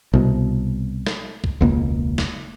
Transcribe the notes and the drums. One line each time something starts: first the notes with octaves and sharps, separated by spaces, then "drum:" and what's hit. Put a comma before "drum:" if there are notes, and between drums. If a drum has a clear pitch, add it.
C2 B2
drum: snare
drum: kick
E1 C#2 A#3
drum: snare